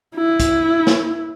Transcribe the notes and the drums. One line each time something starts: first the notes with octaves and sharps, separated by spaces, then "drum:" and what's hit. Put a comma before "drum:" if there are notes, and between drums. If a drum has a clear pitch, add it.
E4
drum: kick, hi-hat
drum: snare